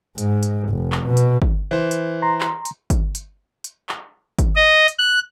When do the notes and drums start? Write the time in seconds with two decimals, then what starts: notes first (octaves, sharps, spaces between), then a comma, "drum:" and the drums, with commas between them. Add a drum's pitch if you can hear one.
0.18 G#2, drum: hi-hat
0.43 drum: hi-hat
0.70 F1
0.92 drum: clap
1.07 B2
1.17 drum: hi-hat
1.42 drum: kick
1.71 E3 C5
1.91 drum: hi-hat
2.22 A#5 C6
2.41 drum: clap
2.65 drum: hi-hat
2.90 drum: kick, hi-hat
3.15 drum: hi-hat
3.64 drum: hi-hat
3.89 drum: clap
4.39 drum: kick, hi-hat
4.56 D#5
4.88 drum: hi-hat
4.99 F#6